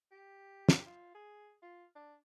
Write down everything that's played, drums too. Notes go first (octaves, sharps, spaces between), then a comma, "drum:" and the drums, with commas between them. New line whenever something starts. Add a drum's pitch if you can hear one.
G4
drum: snare
F4
G#4
F4
D4